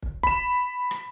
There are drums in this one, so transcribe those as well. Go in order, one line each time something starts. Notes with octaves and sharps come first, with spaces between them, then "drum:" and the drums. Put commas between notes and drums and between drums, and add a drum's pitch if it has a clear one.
drum: kick
B5 E7, drum: kick
drum: rim click